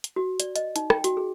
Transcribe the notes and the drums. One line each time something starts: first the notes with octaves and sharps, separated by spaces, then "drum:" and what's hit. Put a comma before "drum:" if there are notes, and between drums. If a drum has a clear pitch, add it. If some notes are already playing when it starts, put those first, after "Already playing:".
drum: hi-hat
F#4
D5, drum: hi-hat
D#5, drum: hi-hat
D#4, drum: hi-hat
G5, drum: rim click
F#4, drum: hi-hat
G#4